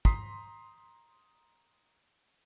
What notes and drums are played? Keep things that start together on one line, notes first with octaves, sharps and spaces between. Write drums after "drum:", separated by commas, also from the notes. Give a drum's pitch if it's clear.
A#5 C6 D#6 B6 C7, drum: kick